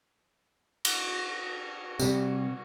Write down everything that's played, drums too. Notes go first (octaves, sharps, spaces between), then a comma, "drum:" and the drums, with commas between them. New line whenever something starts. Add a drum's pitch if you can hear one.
drum: cymbal
C3 G3, drum: tambourine